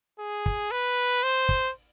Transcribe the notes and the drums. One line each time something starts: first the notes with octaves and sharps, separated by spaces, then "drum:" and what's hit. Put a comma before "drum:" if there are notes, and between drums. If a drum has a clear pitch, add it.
G#4
drum: kick
B4
C5
drum: kick